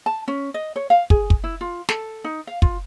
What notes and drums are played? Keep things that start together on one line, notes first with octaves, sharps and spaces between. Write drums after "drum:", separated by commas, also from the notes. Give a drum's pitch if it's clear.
A5
C#4
D#5
C#5
F5
G#4, drum: kick
drum: kick
E4
F4
A4, drum: snare
D#4
F5
F4, drum: kick